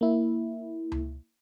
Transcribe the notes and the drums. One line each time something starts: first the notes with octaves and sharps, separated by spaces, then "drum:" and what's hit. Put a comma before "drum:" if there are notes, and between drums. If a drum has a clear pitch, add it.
A#3 E4
drum: tom C#2